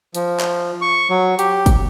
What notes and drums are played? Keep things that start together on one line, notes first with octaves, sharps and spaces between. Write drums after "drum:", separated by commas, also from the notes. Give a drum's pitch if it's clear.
F3, drum: hi-hat
drum: clap
C#6
F#3
G4, drum: hi-hat
drum: kick, hi-hat